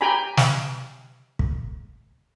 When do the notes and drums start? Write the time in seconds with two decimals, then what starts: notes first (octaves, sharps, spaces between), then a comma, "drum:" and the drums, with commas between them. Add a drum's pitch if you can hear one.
0.01 G4 G5 G#5 A#5 B5
0.37 drum: snare
1.39 drum: kick